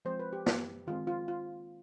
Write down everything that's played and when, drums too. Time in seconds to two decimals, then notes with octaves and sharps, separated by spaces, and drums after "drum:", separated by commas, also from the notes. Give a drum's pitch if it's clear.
0.05 F3 G#3 C4 C5
0.19 B4
0.33 G4
0.46 drum: snare
0.87 D#3 G#3 C4 F4
1.07 F4
1.28 F4